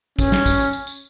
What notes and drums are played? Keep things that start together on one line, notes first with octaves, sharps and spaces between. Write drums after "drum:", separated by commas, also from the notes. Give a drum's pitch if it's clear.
C#4, drum: kick, tambourine
drum: snare
drum: kick, tambourine
drum: tambourine
drum: tambourine
drum: tambourine